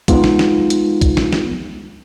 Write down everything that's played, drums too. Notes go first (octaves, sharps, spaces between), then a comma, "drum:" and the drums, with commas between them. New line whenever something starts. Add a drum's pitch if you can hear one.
G#3 B3 D#4 F4, drum: kick, hi-hat
drum: snare
drum: snare
drum: hi-hat
drum: kick, hi-hat
drum: snare
drum: snare